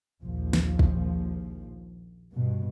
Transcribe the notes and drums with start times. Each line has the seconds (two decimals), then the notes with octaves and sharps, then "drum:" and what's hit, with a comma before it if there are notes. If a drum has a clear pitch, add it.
0.23 A#1 D#2 F3
0.53 drum: snare
0.79 drum: kick
2.33 G2 B2